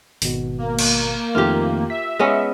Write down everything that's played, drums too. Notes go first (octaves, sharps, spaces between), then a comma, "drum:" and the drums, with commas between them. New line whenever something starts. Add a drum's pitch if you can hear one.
G#1 B2, drum: open hi-hat
A#3
drum: cymbal
F2 D#3 A3 F4 G4
E5 B6
G#3 B3 C#4